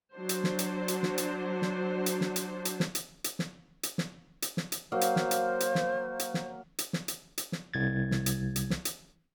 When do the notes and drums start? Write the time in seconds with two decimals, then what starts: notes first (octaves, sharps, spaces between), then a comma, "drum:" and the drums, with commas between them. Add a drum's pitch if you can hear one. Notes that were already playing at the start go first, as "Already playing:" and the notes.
0.14 F#3 D4 C5
0.29 drum: hi-hat
0.44 drum: snare
0.59 drum: hi-hat
0.88 drum: hi-hat
1.03 drum: snare
1.18 drum: hi-hat
1.62 drum: snare
2.06 drum: hi-hat
2.21 drum: snare
2.36 drum: hi-hat
2.65 drum: hi-hat
2.80 drum: snare
2.95 drum: hi-hat
3.24 drum: hi-hat
3.39 drum: snare
3.83 drum: hi-hat
3.98 drum: snare
4.42 drum: hi-hat
4.57 drum: snare
4.72 drum: hi-hat
4.92 F#3 A#3 C5 F5
5.01 drum: hi-hat
5.16 drum: snare
5.31 drum: hi-hat
5.60 drum: hi-hat
5.75 drum: snare
6.19 drum: hi-hat
6.34 drum: snare
6.78 drum: hi-hat
6.93 drum: snare
7.08 drum: hi-hat
7.38 drum: hi-hat
7.52 drum: snare
7.74 C2 G#6 A6
8.11 drum: snare
8.26 drum: hi-hat
8.56 drum: hi-hat
8.70 drum: snare
8.85 drum: hi-hat